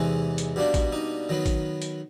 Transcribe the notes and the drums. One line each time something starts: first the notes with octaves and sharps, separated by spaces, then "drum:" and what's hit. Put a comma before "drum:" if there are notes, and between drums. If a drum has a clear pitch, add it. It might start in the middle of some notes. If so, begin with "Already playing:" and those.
Already playing: E2 C3 E3 G#3 D#4
drum: hi-hat
B2 G3 A#3 D4
drum: kick, hi-hat
D#4
D#3 F#3 B3
drum: kick, hi-hat
drum: hi-hat